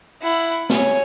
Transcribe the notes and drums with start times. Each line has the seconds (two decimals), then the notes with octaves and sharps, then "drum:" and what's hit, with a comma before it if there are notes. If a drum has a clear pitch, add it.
0.22 E4 F#5
0.69 C#5 G#5, drum: snare